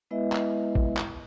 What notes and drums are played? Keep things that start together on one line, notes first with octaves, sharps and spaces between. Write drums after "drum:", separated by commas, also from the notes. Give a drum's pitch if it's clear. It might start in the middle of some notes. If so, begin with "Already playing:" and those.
G#3 B3 E4 B4 D#5 E5
drum: clap
drum: kick A1
drum: clap